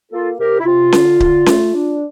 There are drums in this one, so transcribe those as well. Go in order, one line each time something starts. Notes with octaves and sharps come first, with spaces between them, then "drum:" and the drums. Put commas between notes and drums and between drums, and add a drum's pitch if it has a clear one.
A#3 F4 A4
C3 G4 A#4
E4
C3 F4
D3, drum: snare C#4
D3, drum: kick C#1
A3, drum: snare C#4
D4